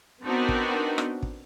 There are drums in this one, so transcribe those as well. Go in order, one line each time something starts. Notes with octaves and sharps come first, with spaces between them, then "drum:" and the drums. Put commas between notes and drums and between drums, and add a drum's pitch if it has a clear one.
B3 C4 D4 D#4 F#4 A#4
drum: kick
drum: rim click
drum: kick